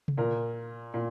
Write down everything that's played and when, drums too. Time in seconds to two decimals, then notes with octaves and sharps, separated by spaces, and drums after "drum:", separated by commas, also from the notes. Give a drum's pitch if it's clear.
0.08 drum: tom C3
0.18 A#2 A#4
0.94 A#2